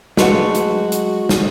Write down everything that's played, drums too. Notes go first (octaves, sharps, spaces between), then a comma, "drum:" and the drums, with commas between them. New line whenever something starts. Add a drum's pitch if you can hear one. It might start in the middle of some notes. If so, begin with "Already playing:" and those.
F#3 G#3 A3 F#4 B4 F#5 C#6, drum: snare
drum: hi-hat
drum: hi-hat
drum: snare